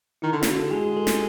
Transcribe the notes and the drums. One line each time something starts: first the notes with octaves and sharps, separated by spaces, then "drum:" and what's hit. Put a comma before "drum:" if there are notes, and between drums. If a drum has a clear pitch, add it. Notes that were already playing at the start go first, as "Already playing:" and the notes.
D#3 E4
D3
C#3, drum: snare
F#4
D3
G4
G#3 G#4
A4
drum: snare